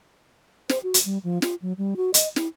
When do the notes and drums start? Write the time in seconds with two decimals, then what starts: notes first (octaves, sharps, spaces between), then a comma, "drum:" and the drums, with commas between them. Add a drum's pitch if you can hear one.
0.69 C5, drum: snare
0.83 F#4
0.94 drum: hi-hat
1.05 G3
1.24 F3
1.42 F4, drum: snare
1.62 F#3
1.78 G3
1.97 F#4
2.14 D#5, drum: hi-hat
2.36 E4, drum: snare